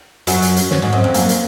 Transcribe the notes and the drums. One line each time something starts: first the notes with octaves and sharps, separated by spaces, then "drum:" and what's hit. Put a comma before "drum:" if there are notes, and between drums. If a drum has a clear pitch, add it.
F#2 F#3, drum: hi-hat
drum: hi-hat
drum: hi-hat
C#4, drum: snare
G#2
F#2 C4
F2
F#2 A#3, drum: hi-hat
drum: hi-hat